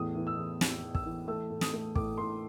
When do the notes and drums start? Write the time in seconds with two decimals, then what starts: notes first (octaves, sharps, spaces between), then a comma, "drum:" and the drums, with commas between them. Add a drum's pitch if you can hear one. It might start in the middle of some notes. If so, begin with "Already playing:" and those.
Already playing: E2 A2 D#6
0.15 E3
0.27 E6
0.38 E2
0.61 E2, drum: snare
0.83 E2
0.95 E6, drum: kick
1.05 E3
1.28 A3 E6
1.50 A2
1.61 D#6, drum: snare
1.73 A3
1.95 A2 D6, drum: kick
2.18 A2 C6